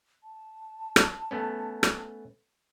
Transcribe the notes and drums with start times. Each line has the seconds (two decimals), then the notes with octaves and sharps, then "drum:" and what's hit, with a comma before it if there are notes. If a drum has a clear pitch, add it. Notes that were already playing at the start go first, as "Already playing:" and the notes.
0.24 A5
0.96 drum: rim click
1.31 A3 B3 C#4
1.83 drum: rim click